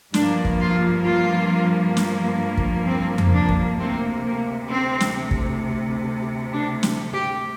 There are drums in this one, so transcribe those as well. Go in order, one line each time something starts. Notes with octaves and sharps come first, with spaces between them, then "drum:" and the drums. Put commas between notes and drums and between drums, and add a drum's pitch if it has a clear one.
G2 F3 A#3 D4, drum: snare
drum: kick
F4
F4
drum: snare
drum: kick
C4
drum: tom F2
D4
drum: kick
D2 C3 A#3 C4
A#3
C4
drum: snare
drum: kick
D4
drum: snare
G4